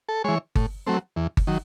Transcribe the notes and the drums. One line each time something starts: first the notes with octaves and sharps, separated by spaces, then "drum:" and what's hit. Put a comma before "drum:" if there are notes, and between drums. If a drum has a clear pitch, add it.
A4
E3 G#3 C#5
A2, drum: kick G1
F#3 A3 C4
E2
drum: kick G1
D#3 F#3